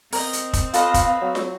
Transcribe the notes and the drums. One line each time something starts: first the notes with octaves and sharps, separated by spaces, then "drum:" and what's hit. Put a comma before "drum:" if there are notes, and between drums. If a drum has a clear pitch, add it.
C4 A#4 D#5, drum: open hi-hat
drum: hi-hat
drum: kick, hi-hat
F4 A4 B4 D#5 F5, drum: hi-hat
drum: kick, hi-hat
F#3
drum: snare